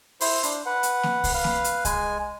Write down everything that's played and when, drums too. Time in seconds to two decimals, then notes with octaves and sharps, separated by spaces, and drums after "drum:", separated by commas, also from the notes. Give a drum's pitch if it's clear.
0.21 E4 C5, drum: open hi-hat
0.43 D4, drum: hi-hat
0.66 B4 F#5
0.83 drum: hi-hat
1.03 drum: snare A#3
1.24 drum: kick, open hi-hat
1.34 B4 F5
1.44 drum: snare A#3
1.64 drum: hi-hat
1.85 G#3 G#5, drum: kick, hi-hat